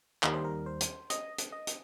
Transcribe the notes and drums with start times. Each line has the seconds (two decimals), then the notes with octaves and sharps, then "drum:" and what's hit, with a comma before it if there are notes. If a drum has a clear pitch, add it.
0.23 D#2 D#3 G3 A#4, drum: clap
0.34 C5
0.45 A#4
0.66 C5
0.81 drum: hi-hat
1.10 D#5, drum: hi-hat
1.38 drum: hi-hat
1.52 D#5
1.67 drum: hi-hat